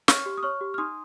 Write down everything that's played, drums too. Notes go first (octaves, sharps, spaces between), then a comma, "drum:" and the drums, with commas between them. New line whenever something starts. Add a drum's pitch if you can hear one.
C#5 C#6 F6, drum: snare
G4
D#6
C#5 C#6 F6
G4
F6
D#4 C6 D#6